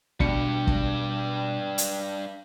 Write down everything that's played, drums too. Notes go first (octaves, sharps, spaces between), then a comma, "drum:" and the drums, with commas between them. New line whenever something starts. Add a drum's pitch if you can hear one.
G2 B2 D4 G4 C#7, drum: kick
drum: kick
drum: hi-hat